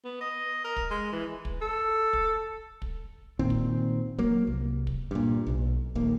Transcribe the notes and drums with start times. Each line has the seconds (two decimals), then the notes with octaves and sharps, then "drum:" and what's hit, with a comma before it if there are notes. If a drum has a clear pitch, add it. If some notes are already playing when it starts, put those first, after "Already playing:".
0.04 B3
0.21 D#5
0.64 A#4
0.76 drum: kick
0.91 G#3
1.13 E3
1.45 drum: kick
1.61 A4
2.13 drum: kick
2.82 drum: kick
3.39 A#2 D#3 C4
3.50 drum: kick
4.18 F#3 A#3, drum: kick
4.47 C2
4.87 drum: kick
5.11 G2 A#2
5.46 B1
5.95 D#1 A#1 D#2 A#3